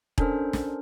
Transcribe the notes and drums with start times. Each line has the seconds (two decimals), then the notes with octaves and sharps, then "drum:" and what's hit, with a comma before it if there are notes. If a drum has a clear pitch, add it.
0.18 C#4 D4 A4 A#4 C5, drum: kick E1
0.53 drum: snare